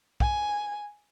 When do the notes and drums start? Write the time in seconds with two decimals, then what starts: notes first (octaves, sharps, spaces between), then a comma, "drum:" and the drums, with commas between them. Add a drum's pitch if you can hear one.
0.20 G#5, drum: kick